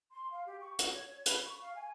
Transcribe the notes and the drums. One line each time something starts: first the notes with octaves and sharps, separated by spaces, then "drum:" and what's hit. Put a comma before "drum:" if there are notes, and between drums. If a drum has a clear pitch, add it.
C6
F5
G4
C#6
F#4, drum: hi-hat
C#5
C#5
B5, drum: hi-hat
C#6
F5
G#5